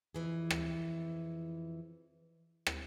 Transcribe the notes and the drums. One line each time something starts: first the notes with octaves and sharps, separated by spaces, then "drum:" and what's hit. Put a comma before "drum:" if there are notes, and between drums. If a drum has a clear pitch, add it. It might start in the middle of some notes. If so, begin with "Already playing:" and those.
F2 E3 G#4
drum: rim click
drum: rim click